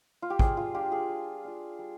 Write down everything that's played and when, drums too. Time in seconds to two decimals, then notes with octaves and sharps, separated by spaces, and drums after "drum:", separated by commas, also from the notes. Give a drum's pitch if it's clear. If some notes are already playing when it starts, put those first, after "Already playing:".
0.22 F4
0.30 G4
0.39 G3 G#4, drum: kick A1
0.57 F4
0.74 D4 F4 G4
0.92 G#4
1.10 G3
1.44 D4 F4
1.79 G3